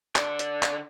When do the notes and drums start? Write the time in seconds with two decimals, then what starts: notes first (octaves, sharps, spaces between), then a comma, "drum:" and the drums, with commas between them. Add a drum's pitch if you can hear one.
0.16 D3 D5, drum: clap
0.39 drum: hi-hat
0.63 drum: clap